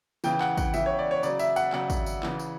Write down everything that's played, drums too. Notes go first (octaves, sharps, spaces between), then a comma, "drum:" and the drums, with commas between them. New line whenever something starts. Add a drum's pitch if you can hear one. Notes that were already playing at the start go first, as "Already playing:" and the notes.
C#3 E3 G5, drum: tambourine
F#5, drum: clap
F#5, drum: kick, tambourine
C#3 E3 E5, drum: tambourine
C#5
D5
C#5
C#3 F#3 D5, drum: tambourine
E5, drum: tambourine
F#5, drum: tambourine
C#3 F#3 F#5, drum: clap
drum: kick, tambourine
drum: tambourine
C#3 E3, drum: clap
drum: tambourine